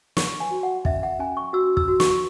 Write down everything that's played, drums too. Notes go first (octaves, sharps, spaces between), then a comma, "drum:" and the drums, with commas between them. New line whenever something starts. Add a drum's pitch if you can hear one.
C#5 C#6, drum: snare
G#5
F#4
F#5
C#4 E5, drum: kick
F#5
C#4 G#5
C#6
F#4 E6
E6, drum: kick
F#4
C#6, drum: snare